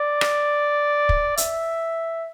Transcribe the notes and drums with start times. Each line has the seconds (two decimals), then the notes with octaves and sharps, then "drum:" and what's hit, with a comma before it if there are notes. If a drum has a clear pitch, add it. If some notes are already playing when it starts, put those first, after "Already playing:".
Already playing: D5
0.21 drum: rim click
1.09 drum: kick
1.37 E5, drum: hi-hat